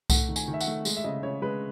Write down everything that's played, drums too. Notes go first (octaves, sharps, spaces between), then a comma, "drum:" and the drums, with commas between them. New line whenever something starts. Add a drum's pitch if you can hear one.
A3 F#5, drum: kick C2, tambourine
D#3
G#5, drum: tambourine
D#3
E5
F#5, drum: tambourine
A3
G#3, drum: tambourine
E5
C#3 D#5
C#3 C#5
G#3 B4